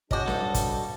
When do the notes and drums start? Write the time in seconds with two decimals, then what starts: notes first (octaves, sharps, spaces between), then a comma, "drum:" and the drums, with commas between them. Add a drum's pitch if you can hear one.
0.11 G#3 D4 F#4 C#5 D#5 D6 G6, drum: kick
0.27 D2 G2 G3 A4, drum: snare
0.54 drum: kick, hi-hat